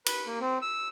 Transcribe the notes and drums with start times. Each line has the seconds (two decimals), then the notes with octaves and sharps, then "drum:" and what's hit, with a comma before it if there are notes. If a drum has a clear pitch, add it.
0.06 B4, drum: cymbal
0.26 A#3
0.41 C4
0.62 E6